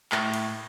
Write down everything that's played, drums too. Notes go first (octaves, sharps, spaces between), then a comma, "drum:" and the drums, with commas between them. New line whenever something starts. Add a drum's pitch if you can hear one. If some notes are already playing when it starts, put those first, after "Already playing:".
A2, drum: clap
drum: cymbal